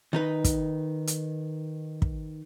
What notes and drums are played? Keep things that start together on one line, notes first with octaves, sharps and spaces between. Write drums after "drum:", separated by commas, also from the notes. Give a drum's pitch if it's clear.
D#3 D#4 B4
drum: kick, hi-hat
drum: hi-hat
drum: kick